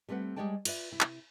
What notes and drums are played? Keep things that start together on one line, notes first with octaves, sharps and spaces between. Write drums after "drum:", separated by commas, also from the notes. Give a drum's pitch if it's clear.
G3 A3 C4 B4 F#5
G3 G#3 C#5 D5 G5 A5
F4 B4 D5 E5, drum: cymbal
C3 E4
drum: clap